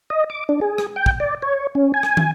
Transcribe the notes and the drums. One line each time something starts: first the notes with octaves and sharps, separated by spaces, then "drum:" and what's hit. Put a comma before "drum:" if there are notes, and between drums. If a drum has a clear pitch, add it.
D#5
D6
D4
G#4
drum: rim click
G5
drum: kick
D5
C#5
C#4
G#5
drum: rim click
drum: tom